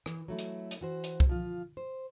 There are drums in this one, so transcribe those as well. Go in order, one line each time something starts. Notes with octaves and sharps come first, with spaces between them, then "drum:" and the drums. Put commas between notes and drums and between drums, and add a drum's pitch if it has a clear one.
E3, drum: rim click
F#3 A3 E4
drum: hi-hat
drum: hi-hat
E3 F#4 C5
drum: hi-hat
drum: kick C2
F3 F4
C5